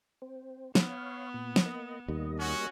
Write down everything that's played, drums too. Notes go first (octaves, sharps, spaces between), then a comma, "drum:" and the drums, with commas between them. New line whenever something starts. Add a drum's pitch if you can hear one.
C4
B3 C#5 F5, drum: snare
A#2
drum: snare
A#3 D#5
D#2 G3 A#3 D#5
C#4 F#4